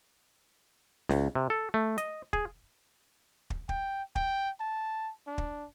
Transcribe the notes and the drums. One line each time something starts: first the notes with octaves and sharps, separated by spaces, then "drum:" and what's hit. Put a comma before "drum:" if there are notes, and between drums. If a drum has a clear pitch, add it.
C#2, drum: snare
C3
A4
A3
D#5, drum: hi-hat
G#4, drum: kick
drum: kick
G5, drum: kick
G5, drum: kick
A5
D4
drum: kick